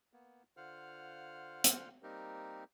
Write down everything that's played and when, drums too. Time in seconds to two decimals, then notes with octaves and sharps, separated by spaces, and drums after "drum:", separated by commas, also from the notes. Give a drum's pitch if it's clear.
0.13 A#3 B3
0.57 D3 F4 C5 F5 F#5 F6
1.64 drum: hi-hat
2.03 G3 A#3 C4 D#4 G4 A#4